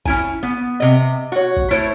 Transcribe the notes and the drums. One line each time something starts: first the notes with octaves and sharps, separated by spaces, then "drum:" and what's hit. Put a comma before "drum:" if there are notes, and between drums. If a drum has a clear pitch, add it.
C#4 E4 G#5, drum: kick
B3
C3 D#5
F#4 C#5
drum: kick
A3 E4 C5 C#5